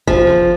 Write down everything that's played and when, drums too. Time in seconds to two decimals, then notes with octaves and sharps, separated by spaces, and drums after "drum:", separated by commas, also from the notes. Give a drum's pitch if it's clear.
0.07 F3, drum: kick F#1
0.27 drum: snare